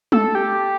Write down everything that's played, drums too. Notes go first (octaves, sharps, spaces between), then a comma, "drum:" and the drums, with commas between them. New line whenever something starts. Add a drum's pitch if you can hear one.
A4, drum: tom
G4